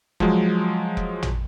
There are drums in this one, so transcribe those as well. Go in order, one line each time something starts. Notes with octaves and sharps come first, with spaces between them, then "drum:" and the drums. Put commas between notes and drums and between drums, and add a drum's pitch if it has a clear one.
F3 F#3 G#3, drum: kick F1
drum: kick F1
drum: tom A1